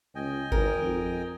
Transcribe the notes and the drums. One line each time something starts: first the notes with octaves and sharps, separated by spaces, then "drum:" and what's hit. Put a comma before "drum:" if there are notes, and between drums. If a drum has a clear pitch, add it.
C#2 D#5 G5 G#5
G#1 A#4, drum: kick G#1
F2